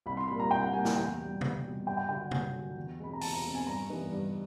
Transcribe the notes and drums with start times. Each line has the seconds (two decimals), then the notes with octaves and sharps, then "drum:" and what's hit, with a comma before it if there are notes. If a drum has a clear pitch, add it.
0.06 C2 B5
0.17 C6
0.28 A#2 G3 A#3 B5
0.40 A#5
0.51 C2 G5
0.63 F#5
0.73 A#2 G3 A#3 G#5
0.85 G#5, drum: snare
0.96 E2 G5
1.18 B2 G3
1.41 E2, drum: tom C3
1.64 B2 G3
1.86 G2 G5
1.97 G5
2.09 D3 F#3 G5
2.21 F#5
2.31 G2 G#5, drum: tom C3
2.55 D3 F#3
2.77 E2
2.99 B2 G#3 C4 B5
3.13 A#5
3.21 E2 A5, drum: open hi-hat
3.33 A#5
3.44 B2 G#3 C4
3.55 G#5
3.66 G2 A#5
3.90 E3 G3 B3 D#4
4.12 G2